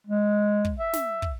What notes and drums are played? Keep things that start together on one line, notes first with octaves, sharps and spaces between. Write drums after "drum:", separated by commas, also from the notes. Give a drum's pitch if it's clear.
G#3
drum: kick
E5
drum: snare
drum: kick